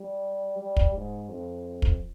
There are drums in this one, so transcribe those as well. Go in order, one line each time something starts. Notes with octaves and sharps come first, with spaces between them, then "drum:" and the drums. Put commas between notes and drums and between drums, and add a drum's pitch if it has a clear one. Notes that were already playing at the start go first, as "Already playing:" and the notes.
Already playing: G3
G3
drum: kick
G#2
F2
drum: kick